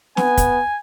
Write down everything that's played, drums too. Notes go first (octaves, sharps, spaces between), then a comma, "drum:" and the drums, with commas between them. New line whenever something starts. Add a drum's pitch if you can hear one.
B3 G#5, drum: snare
drum: kick, hi-hat